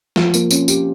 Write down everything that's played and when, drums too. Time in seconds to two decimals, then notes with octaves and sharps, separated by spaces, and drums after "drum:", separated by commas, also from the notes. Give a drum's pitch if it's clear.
0.16 F3, drum: snare
0.34 A#3, drum: tambourine
0.51 C#4, drum: tambourine
0.68 G4, drum: tambourine